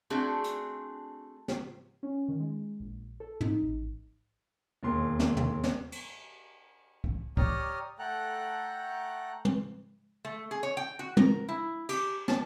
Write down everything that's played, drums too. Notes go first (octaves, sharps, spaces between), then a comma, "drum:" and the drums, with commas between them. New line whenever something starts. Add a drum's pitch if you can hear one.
A3 C4 D4 F#4 G#4
drum: hi-hat
drum: snare
C#4
D#3
G#3
A#1
A4
D#4, drum: tom
A1
E1 D#2 C6
drum: snare
drum: tom
drum: snare
drum: cymbal
drum: kick
G4 C#5 D5 A#5 D#6 F6, drum: kick
A3 A4 F#5 G5 A#5 F#6
drum: tom
A3
G#4
C#5
G5
F#4
A#4, drum: tom
E4
G4, drum: cymbal
A5, drum: snare